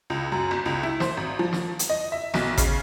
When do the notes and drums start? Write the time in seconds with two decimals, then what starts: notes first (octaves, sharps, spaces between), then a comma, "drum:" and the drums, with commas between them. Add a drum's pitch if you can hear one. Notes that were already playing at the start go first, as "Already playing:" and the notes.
0.10 C#2
0.32 F#2
0.51 G1
0.66 C#2
0.83 E4
1.00 C5, drum: snare
1.17 G#1
1.39 F3
1.53 drum: snare
1.79 drum: hi-hat
1.90 D#5
2.12 E5
2.34 B1, drum: snare
2.57 C#3, drum: kick G#1, hi-hat